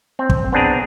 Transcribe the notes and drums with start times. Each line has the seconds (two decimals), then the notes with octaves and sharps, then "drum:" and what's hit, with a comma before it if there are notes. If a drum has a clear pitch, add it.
0.19 C4
0.30 drum: kick
0.52 B3 C4 D4 G#4 A#5